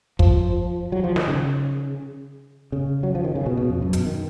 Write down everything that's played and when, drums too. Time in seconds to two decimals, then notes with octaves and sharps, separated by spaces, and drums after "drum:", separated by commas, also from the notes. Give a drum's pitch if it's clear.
0.19 F3, drum: kick
0.92 F#3
1.04 F3
1.16 D#3, drum: snare
1.28 C#3
2.72 C#3
3.03 F#3
3.15 F3
3.24 D#3
3.35 C#3
3.46 B2
3.57 B2
3.70 F2
3.82 F#2
3.93 B2, drum: hi-hat
4.06 D#3